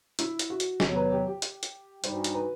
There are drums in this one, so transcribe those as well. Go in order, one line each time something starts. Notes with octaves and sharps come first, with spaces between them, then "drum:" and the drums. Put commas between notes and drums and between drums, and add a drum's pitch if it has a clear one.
E4, drum: hi-hat
drum: hi-hat
F#4
drum: hi-hat
E2 C3 D#3 F#3 B3 A4, drum: snare
B4
G4
G4
drum: hi-hat
drum: hi-hat
G2 E3 G3 D#4 F#4 C5, drum: hi-hat
drum: hi-hat
B4